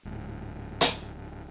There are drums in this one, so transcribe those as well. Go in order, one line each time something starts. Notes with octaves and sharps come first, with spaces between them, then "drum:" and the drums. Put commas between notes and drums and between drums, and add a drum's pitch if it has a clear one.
D1 G#2
drum: hi-hat